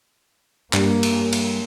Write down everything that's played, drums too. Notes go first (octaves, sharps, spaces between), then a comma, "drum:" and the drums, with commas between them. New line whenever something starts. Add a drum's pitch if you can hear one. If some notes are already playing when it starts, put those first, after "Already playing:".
G2 A#3, drum: clap
drum: cymbal
drum: cymbal